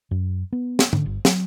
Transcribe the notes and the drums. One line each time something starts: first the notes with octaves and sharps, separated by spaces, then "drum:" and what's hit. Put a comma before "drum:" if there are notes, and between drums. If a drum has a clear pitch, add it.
F#2
B3
drum: snare
D3, drum: tom G#2
G1
F#3, drum: snare